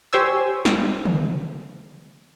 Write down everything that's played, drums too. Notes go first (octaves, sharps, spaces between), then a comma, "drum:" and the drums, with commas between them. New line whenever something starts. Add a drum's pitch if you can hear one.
G4 C5 C#5 G#5 E6
drum: snare
drum: tom